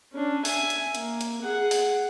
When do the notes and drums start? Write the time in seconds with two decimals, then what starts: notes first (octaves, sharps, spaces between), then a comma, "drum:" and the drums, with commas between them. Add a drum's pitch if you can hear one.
0.13 C#4 D4
0.45 E5 G#5, drum: open hi-hat
0.70 drum: hi-hat
0.95 A#3, drum: hi-hat
1.21 drum: hi-hat
1.42 G#4 F#5
1.71 drum: open hi-hat